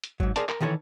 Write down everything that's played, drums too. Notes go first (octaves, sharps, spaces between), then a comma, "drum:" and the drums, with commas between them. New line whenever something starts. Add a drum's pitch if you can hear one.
drum: hi-hat
G#2 F#3, drum: kick
G#4 A#4 C5 D5 A5, drum: hi-hat
A#4, drum: clap
D#3 E3 A4 C5 C#5